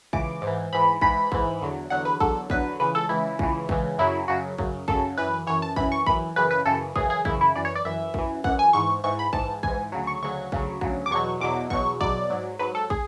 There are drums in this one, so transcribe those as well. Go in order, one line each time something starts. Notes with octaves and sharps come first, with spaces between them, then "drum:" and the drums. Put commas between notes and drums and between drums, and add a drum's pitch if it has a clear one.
C#2 C#3 E3 D6, drum: kick
G#2 E3
G#2 E3 B5
G#2 E3 B5, drum: kick
G#2 E3, drum: kick
E2 D3 F#3
E2 D3 F#3 F#5
B4
E2 D3 F#3 A4, drum: kick
E2 D3 F#3 B4, drum: kick
C#2 C#3 E3 B4
A4
C#2 C#3 E3 E4
C#2 C#3 E3, drum: kick
C#2 C#3 E3, drum: kick
F#2 C#3 F#3 E4
F#2 C#3 F#3 F#4
F#2 C#3 F#3, drum: kick
F#2 C#3 F#3 A4, drum: kick
F#2 E3 B4
F#2 E3 C#5
A5
F#2 E3 B5, drum: kick
C#6
F#2 E3 B5, drum: kick
F#2 C#3 E3 B4
B4
F#2 C#3 E3 A4
F#2 C#3 E3 G#4, drum: kick
G#4
F#2 C#3 E3 E4, drum: kick
E4
F#2 E3 D5
C#5
D5
F#2 E3 E5
F#2 E3, drum: kick
F#2 E3 F#5, drum: kick
G#5
G#2 E3 C#6
G#2 E3 C#6
B5
G#2 E3 A5, drum: kick
G#2 E3 G#5, drum: kick
D2 C#3 F#3
C#6
D2 C#3 F#3 C#6
D2 C#3 F#3, drum: kick
D2 C#3 F#3, drum: kick
D6
E2 B2 F#3 C#6
E2 B2 F#3 D6
E2 B2 F#3 C#6, drum: kick
E2 B2 F#3 D5, drum: kick
G#2 F#3
G#2 F#3 B4
A4
G#4, drum: kick